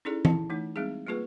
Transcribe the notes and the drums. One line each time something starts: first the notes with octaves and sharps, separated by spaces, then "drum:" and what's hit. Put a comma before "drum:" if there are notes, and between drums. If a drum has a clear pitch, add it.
C#4 D#4 E4 G#4 A4 D5
E4 A5, drum: tom E3
E3 A3 D#4
G3 G#3 C4 D#4 G#4
G3 A#3 F4 G#4 B4